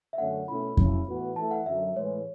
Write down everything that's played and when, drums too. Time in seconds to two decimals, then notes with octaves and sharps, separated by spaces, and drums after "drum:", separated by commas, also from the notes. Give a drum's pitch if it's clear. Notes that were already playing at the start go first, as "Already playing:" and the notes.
0.13 E5
0.18 F#2 D3 A3 C#4 F#5
0.48 B2 A3 C#4 E4 B5
0.77 C#3 F#3 C#4 E4, drum: kick F2
1.07 A2 E3 B3 F#4
1.36 E3 A3 E4 A5
1.51 F#5
1.66 F#2 D3 F#3 E5
1.96 A2 E3 G#3 C#5